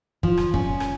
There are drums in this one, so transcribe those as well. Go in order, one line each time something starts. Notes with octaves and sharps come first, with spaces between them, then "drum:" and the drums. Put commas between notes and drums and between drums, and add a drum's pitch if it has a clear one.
F3, drum: kick
drum: rim click
C#4, drum: kick
drum: rim click